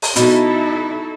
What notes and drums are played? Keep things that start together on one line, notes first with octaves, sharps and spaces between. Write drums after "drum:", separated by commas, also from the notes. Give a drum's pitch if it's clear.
drum: open hi-hat
B2 D#4 E4 A4, drum: hi-hat